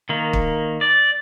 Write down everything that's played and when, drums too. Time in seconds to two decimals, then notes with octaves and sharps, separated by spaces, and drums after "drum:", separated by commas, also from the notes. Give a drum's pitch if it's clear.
0.09 D#3 A#3
0.33 drum: kick
0.81 D5